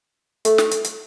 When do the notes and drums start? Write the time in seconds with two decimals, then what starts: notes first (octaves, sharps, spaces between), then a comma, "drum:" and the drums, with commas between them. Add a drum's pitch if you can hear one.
0.45 A3, drum: hi-hat
0.58 drum: snare
0.71 drum: hi-hat
0.84 drum: hi-hat